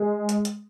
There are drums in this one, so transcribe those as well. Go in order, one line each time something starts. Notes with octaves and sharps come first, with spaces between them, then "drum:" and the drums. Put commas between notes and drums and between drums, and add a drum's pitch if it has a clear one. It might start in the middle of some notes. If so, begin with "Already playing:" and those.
Already playing: G#3
drum: hi-hat
drum: hi-hat